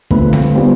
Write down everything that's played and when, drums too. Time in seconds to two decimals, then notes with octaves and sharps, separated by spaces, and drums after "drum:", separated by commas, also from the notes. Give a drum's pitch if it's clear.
0.11 D3 A3 C4 F4 B4, drum: kick
0.33 drum: snare C4
0.55 G3 B3 F4 C5